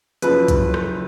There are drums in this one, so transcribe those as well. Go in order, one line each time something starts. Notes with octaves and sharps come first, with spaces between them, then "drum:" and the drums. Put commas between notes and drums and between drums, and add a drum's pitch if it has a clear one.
F#1 F#2 F3 B4, drum: hi-hat
drum: kick, hi-hat
drum: rim click